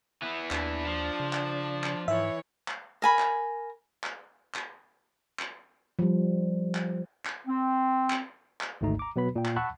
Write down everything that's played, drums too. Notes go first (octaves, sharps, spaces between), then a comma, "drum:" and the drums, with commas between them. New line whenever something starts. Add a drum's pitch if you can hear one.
E3 B3
D#2 D4, drum: clap
F3
C#3
drum: clap
drum: clap
G#2 E3 C#5 E5
drum: clap
A#4 G#5 B5
drum: clap
drum: clap
drum: clap
drum: clap
F3 G3
drum: clap
drum: clap
C4
drum: clap
drum: clap
G#1 D2 G#2 A3 D#4 A#5
A#5 D6
B2 F#3 B3 B4 B5
A#2 G5
drum: clap
F#5 A5 B5 C#6 E6 F#6